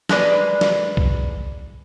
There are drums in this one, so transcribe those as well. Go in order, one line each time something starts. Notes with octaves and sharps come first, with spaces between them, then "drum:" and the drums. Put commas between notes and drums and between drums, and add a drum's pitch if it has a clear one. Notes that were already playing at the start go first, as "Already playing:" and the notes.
G#3 A#3 B4 D5, drum: snare
drum: snare
drum: kick B1